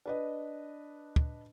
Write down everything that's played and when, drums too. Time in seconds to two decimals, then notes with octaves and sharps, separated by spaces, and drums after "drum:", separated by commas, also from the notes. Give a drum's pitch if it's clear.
0.06 D4 B4 D#5
1.16 drum: kick